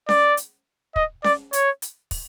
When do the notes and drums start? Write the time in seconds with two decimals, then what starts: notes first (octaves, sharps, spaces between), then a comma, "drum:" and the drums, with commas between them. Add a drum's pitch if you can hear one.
0.09 D5, drum: snare C#4
0.37 drum: hi-hat
0.96 D#5, drum: kick
1.24 D5, drum: snare C#4
1.53 C#5, drum: hi-hat
1.82 drum: hi-hat
2.11 drum: kick, open hi-hat